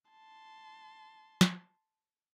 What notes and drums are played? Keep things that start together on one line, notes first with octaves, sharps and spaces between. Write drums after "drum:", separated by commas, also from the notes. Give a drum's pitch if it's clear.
A5 C6
drum: snare